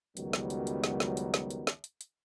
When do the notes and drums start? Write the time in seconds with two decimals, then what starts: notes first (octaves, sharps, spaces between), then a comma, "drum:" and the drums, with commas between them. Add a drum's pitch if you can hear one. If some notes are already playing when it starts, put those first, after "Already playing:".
0.17 C#2 F#2 D#3 F#3 G3 B3, drum: hi-hat
0.33 drum: snare
0.50 drum: hi-hat
0.67 drum: hi-hat
0.84 drum: snare
1.00 drum: snare
1.17 drum: hi-hat
1.34 drum: snare
1.50 drum: hi-hat
1.67 drum: snare
1.84 drum: hi-hat
2.01 drum: hi-hat